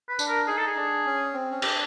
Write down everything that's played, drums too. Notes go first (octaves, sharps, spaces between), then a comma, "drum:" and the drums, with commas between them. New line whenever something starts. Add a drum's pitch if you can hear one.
B4
D4, drum: tambourine
A#4
D#4 G#4
A4
G#4
D4
C#4
C4
C#4
D4 G4, drum: cymbal